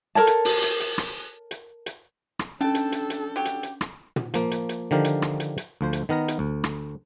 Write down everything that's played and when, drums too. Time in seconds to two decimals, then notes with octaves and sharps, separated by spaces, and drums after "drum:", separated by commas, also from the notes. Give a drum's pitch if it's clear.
0.15 A4 A#4 C#5 A5
0.27 drum: hi-hat
0.45 drum: open hi-hat
0.62 drum: hi-hat
0.80 drum: hi-hat
0.98 drum: rim click
1.51 drum: hi-hat
1.86 drum: hi-hat
2.39 drum: rim click
2.61 C#4 D4 A4 G5 A5
2.75 drum: hi-hat
2.92 drum: hi-hat
3.10 drum: hi-hat
3.36 F#3 G4
3.45 drum: hi-hat
3.63 drum: hi-hat
3.81 drum: rim click
4.16 drum: tom
4.34 F3 A#3, drum: hi-hat
4.51 drum: hi-hat
4.69 drum: hi-hat
4.91 D3 D#3 F3 G4 A#4
5.04 drum: hi-hat
5.22 drum: rim click
5.40 drum: hi-hat
5.58 drum: hi-hat
5.81 D2 F3 C5
5.93 drum: hi-hat
6.09 D#3 B3 A#4 A#5
6.28 drum: hi-hat
6.39 D2
6.64 drum: rim click